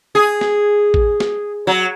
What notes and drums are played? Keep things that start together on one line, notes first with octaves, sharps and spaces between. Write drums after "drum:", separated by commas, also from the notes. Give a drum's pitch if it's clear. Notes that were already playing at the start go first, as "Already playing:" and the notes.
G#4
drum: snare
drum: kick
drum: snare
F#3